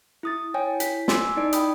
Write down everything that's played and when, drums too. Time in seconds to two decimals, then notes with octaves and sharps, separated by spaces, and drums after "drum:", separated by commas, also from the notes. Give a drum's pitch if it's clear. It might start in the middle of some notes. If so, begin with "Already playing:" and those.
0.23 E4 D#6 A6
0.54 E4 C#5 G5 G#5
0.80 B6, drum: hi-hat
1.08 G#5 C6 D6 E6, drum: snare
1.36 D#4 E4 D5 D7
1.53 G5 B5 D#6, drum: hi-hat